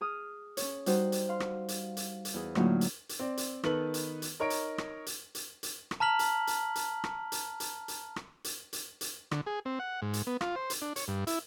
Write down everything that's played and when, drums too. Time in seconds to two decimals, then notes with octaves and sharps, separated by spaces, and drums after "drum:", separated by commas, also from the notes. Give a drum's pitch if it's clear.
0.01 G#4 D#6 F6
0.57 C#4 C#5, drum: hi-hat
0.86 G3 D#4 F#4 C5, drum: hi-hat
1.12 drum: hi-hat
1.29 F5 C6
1.40 drum: rim click
1.68 drum: hi-hat
1.97 drum: hi-hat
2.25 drum: hi-hat
2.34 E2 G#4
2.55 A2 D3 F#3 A#3 D#4 F4, drum: rim click
2.81 drum: hi-hat
3.09 drum: hi-hat
3.19 C4 D5
3.37 drum: hi-hat
3.63 D#3 B3 A4 B4 F#7, drum: rim click
3.94 drum: hi-hat
4.22 drum: hi-hat
4.40 D#4 A#4 C#5 D7
4.50 drum: hi-hat
4.78 drum: rim click
5.06 drum: hi-hat
5.35 drum: hi-hat
5.63 drum: hi-hat
5.91 drum: rim click
6.00 A5 A#5 F6 B6 F#7
6.19 drum: hi-hat
6.47 drum: hi-hat
6.75 drum: hi-hat
7.04 drum: rim click
7.32 drum: hi-hat
7.60 drum: hi-hat
7.88 drum: hi-hat
8.16 drum: rim click
8.44 drum: hi-hat
8.73 drum: hi-hat
9.01 drum: hi-hat
9.31 D3, drum: rim click
9.46 G#4
9.65 C4
9.80 F#5
10.02 G#2
10.13 drum: hi-hat
10.27 B3
10.41 F4, drum: rim click
10.56 C5
10.70 drum: hi-hat
10.82 D4
10.96 C#5, drum: hi-hat
11.08 G2
11.27 E4, drum: hi-hat